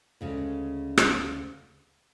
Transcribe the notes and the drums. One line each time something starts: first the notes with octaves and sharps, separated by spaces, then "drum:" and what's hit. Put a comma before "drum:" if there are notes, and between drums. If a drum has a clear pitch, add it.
D2 C#3 G#3
drum: rim click